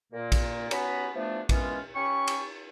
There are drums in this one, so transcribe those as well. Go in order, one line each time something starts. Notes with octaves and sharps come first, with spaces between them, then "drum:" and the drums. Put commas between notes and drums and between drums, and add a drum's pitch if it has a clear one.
A#2 A#3
drum: kick A#1, cymbal
B3 C#4 F#4 A#5 B5, drum: cymbal
E3 F3 A3 B3 D4
D#3 E3 G#3 B3 C#4 F4, drum: kick A#1, cymbal
C#4 G4 B5 C#6
drum: cymbal